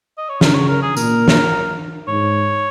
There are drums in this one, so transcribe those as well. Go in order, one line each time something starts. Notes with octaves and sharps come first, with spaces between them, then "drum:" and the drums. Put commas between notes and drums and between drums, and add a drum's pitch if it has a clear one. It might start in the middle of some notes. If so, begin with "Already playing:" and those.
D#5
C#5
C#3 A#4, drum: snare
C#5
A#4
G#4
A#2 A#4, drum: tambourine
drum: snare
G#2 C#5